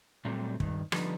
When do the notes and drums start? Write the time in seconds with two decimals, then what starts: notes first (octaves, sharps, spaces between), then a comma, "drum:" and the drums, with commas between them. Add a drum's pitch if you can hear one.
0.25 A#2 F#3 G3 A3 C4
0.60 G2 D#3, drum: kick
0.92 D3 F3 G3 B3 D#4, drum: rim click